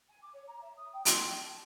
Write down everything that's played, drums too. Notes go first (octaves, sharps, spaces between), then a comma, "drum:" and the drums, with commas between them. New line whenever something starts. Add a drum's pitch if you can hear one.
G#5
D6
C#5
A#5
E5
D#6
G5
C6, drum: hi-hat
G5
A5